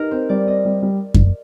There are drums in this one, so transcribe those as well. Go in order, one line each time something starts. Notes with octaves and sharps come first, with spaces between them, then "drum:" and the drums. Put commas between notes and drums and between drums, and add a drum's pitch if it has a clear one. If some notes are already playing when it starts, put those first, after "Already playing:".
Already playing: D#4 G4 A#4
C4 C5
G3 D5
C4 D#5
G3
G3
drum: kick F#2